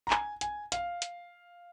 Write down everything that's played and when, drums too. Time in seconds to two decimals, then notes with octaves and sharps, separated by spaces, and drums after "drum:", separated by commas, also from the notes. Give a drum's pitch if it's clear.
0.07 A#5
0.10 G#5, drum: clap
0.41 G#5, drum: hi-hat
0.72 F5, drum: hi-hat
1.02 drum: hi-hat